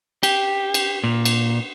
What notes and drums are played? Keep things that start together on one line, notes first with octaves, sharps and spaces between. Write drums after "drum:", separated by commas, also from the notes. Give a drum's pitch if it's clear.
G4, drum: cymbal
drum: cymbal
A#2
drum: cymbal